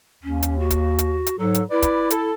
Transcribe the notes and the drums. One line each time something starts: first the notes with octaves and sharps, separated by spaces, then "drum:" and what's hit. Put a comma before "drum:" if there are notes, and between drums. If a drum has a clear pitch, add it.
D#2 C#4
drum: hi-hat
F#4
drum: kick, hi-hat
drum: hi-hat
drum: hi-hat
G#2 F#3 A4
drum: hi-hat
E4 B4 D5
drum: kick, hi-hat
A4, drum: hi-hat